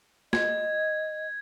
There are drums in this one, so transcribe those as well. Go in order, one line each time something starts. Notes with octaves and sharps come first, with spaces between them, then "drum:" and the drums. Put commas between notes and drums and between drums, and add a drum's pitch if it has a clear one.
D#5 G#6, drum: snare